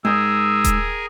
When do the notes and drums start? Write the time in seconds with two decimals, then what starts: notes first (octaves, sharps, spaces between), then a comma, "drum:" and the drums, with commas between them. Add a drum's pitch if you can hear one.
0.05 G#2 G#4 A#4 G5 G#5 D#6 E6
0.64 drum: kick D#1, hi-hat